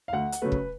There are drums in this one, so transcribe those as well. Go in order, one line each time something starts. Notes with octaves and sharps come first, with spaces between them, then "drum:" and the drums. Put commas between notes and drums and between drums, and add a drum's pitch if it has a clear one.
F5
D2 F#5
drum: hi-hat
C#3 F#3 A3 B4
drum: kick